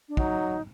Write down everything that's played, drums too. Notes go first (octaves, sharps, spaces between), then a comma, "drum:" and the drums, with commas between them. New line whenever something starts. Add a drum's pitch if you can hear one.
D4
F#3 D#4, drum: kick